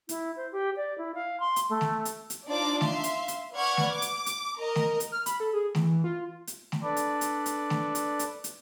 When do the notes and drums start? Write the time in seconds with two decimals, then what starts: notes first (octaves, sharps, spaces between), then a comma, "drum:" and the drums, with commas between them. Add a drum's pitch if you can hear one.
0.09 E4, drum: hi-hat
0.36 C5
0.52 G4
0.76 D5
0.98 E4
1.15 F5
1.40 C6
1.56 drum: hi-hat
1.70 A3
1.81 drum: snare A3
2.05 drum: hi-hat
2.30 drum: hi-hat
2.49 D4 D#4 F4 C5 D5 D6
2.81 E5 F5 C6, drum: snare A3
3.04 drum: hi-hat
3.28 drum: hi-hat
3.56 B4 D5 F#5 C#6 F6 G#6
3.77 drum: snare A3
3.92 D6
4.02 drum: hi-hat
4.26 drum: hi-hat
4.60 A#4 D#5 A#5
4.75 drum: snare A3
5.00 drum: hi-hat
5.12 F6
5.26 B5, drum: hi-hat
5.40 A4
5.53 G#4
5.75 E3, drum: snare A3
6.04 F4
6.47 drum: hi-hat
6.72 drum: snare A3
6.83 D4 A4 B4 D5
6.97 drum: hi-hat
7.21 drum: hi-hat
7.46 drum: hi-hat
7.70 drum: snare A3
7.95 drum: hi-hat
8.19 drum: hi-hat
8.44 drum: hi-hat